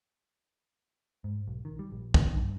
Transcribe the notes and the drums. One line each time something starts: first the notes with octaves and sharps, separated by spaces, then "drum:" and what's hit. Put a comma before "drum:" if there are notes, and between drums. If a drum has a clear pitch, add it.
G#2
B1
D#3
G3
A#1
D#3, drum: kick
G2